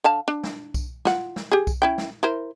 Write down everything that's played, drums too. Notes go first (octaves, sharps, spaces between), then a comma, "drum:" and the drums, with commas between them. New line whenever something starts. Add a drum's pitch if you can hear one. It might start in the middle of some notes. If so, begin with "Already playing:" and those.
D3 F5 A5
D4
drum: snare
drum: kick B1, tambourine
F4 F#5, drum: snare
drum: snare
G4 G#4
drum: kick B1, tambourine
C#4 E4 G5
drum: snare
E4 A#4 C5